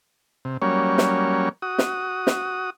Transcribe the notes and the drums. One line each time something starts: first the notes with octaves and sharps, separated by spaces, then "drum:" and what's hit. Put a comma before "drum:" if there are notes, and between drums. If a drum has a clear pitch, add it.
C3
F#3 G3 A#3 C#4 C#5
drum: snare
F#4 D#6
drum: snare
drum: snare